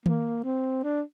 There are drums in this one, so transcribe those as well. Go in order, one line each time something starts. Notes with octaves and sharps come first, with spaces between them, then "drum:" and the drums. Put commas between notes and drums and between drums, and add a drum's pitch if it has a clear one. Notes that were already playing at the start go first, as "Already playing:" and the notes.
A#3, drum: tom D#3
C4
D4